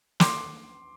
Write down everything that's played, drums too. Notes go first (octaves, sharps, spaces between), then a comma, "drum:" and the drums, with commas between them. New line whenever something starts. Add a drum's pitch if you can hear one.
C6 D6, drum: snare